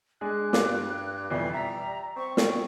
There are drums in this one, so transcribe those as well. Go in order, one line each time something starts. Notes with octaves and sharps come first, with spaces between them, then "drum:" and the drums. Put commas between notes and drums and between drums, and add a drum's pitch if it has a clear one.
G#3 D4 G#4 F#6
G2 F5 D6, drum: snare
F2 B2 E3 G3 C7
E5 A#5 B6
C4 C#6
drum: snare